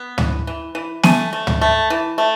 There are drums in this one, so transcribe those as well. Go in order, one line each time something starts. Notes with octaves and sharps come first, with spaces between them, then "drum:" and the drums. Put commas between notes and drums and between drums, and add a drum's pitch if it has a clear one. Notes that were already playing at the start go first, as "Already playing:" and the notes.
Already playing: B3
E3, drum: tom
E3
E3
A3 G#5, drum: snare
A3
drum: tom
A3
E3
A3